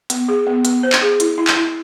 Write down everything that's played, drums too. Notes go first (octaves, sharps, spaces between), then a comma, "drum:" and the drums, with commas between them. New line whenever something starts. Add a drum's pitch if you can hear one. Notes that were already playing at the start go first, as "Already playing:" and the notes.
B3, drum: hi-hat
G#4
B3
B3, drum: hi-hat
C5
drum: clap
G#4
E4, drum: hi-hat
E4
drum: clap
E4